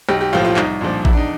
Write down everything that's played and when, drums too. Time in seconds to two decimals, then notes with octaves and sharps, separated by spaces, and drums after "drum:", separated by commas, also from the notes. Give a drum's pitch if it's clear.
0.09 B1 G4
0.21 G4
0.33 A2 F3 F4
0.45 F4
0.57 C2 D#4, drum: clap
0.81 A#2 F3 D4
1.05 E2 E4, drum: kick A1
1.13 D4
1.17 D#4